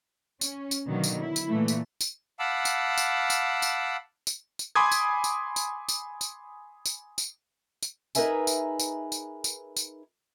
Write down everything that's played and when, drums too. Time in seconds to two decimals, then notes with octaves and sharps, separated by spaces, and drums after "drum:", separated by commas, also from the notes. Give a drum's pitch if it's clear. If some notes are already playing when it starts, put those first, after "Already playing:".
0.41 C#4, drum: tambourine
0.71 drum: tambourine
0.87 B2 D3 D#3 F#3 A#3
1.04 drum: tambourine
1.19 E4
1.36 drum: tambourine
1.50 A#2 E3 A3
1.68 drum: tambourine
2.01 drum: tambourine
2.39 F5 F#5 A5 B5 D6 E6
2.65 drum: tambourine
2.98 drum: tambourine
3.30 drum: tambourine
3.62 drum: tambourine
4.27 drum: tambourine
4.59 drum: tambourine
4.75 G#5 B5 C6 D6 D#6 G#6
4.92 drum: tambourine
5.24 drum: tambourine
5.56 drum: tambourine
5.89 drum: tambourine
6.21 drum: tambourine
6.86 drum: tambourine
7.18 drum: tambourine
7.83 drum: tambourine
8.15 D#4 G#4 A#4 B4 E5 G#5, drum: tambourine
8.47 drum: tambourine
8.80 drum: tambourine
9.12 drum: tambourine
9.44 drum: tambourine
9.77 drum: tambourine